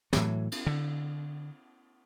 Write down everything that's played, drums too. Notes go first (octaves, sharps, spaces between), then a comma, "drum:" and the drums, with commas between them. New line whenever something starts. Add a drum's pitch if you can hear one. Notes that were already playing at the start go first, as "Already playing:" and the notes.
A2 E3 F#3, drum: snare
drum: cymbal
D3